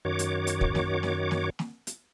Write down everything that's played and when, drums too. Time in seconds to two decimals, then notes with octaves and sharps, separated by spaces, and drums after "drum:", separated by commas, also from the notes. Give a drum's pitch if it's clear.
0.05 F#2 D#3 F#4 C#5 D6
0.19 drum: hi-hat
0.47 drum: hi-hat
0.61 drum: kick
0.75 drum: snare
1.03 drum: snare
1.31 drum: snare
1.59 drum: snare
1.87 drum: hi-hat